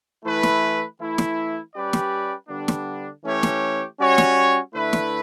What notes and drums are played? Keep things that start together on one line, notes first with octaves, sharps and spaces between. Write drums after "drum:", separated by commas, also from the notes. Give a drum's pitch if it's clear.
E3 A3 E4 B4
drum: snare
E3 A3 E4
drum: snare
G3 C#4 G4 B4 D5
drum: snare
D3 G3 B3 D4
drum: snare
E3 A3 C#4 G4 C#5
drum: snare
G3 C#4 F#4 C#5
drum: snare
D3 A3 E4 B4
drum: snare